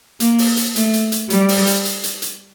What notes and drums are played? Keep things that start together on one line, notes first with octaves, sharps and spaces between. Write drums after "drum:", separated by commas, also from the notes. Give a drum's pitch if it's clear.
A#3, drum: hi-hat
drum: open hi-hat
drum: hi-hat
A3, drum: hi-hat
drum: hi-hat
drum: hi-hat
G3, drum: hi-hat
drum: open hi-hat
drum: hi-hat
drum: hi-hat
drum: hi-hat
drum: hi-hat